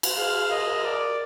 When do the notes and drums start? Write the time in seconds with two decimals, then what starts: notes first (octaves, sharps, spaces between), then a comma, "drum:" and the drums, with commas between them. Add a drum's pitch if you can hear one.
0.03 drum: cymbal
0.17 G#4 F5
0.50 A#4 D#5
0.67 A#4
0.84 A#4 D5